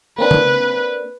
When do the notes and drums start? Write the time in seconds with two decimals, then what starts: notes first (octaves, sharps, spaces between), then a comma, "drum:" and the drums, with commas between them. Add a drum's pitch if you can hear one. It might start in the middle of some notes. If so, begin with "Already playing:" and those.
0.18 A#3 C4 D4 B4
0.31 drum: tom C#3